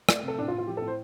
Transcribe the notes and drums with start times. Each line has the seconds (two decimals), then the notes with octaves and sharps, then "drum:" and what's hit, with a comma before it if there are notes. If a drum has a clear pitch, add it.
0.09 A3 D5, drum: rim click
0.23 C3
0.28 A4
0.38 A2 D4
0.48 F4
0.53 A2
0.58 F4
0.67 F3 G4
0.77 A4
0.82 A2
0.88 C5